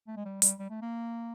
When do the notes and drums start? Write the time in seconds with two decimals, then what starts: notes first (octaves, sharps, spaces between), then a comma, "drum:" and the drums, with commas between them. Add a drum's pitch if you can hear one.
0.07 A3
0.17 G#3
0.25 G3
0.42 G3, drum: hi-hat
0.59 G3
0.70 A3
0.82 A#3